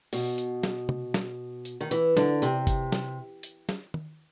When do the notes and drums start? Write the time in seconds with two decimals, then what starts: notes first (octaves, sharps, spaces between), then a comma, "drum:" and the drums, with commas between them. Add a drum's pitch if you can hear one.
0.13 B2, drum: open hi-hat
0.38 drum: hi-hat
0.63 drum: snare
0.89 drum: tom
1.14 drum: snare
1.65 drum: hi-hat
1.81 D#3
1.91 E3, drum: hi-hat
2.17 D3, drum: snare
2.42 C3, drum: hi-hat
2.67 drum: kick F#1, hi-hat
2.92 drum: snare
3.43 drum: hi-hat
3.69 drum: snare
3.94 drum: tom D#3